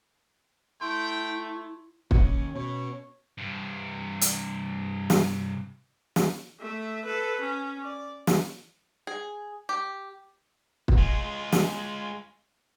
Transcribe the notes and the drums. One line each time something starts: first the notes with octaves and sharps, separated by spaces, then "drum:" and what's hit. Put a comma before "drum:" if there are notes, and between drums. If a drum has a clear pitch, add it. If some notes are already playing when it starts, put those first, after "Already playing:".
A3 E4 G5 C6
D#2 C#4, drum: kick
B2 C#5
G2 C3
drum: hi-hat
drum: snare
drum: snare
A3 E5
A4 B4
C#4
D5
drum: snare
G#4
G4
drum: kick
G#3 F4
drum: snare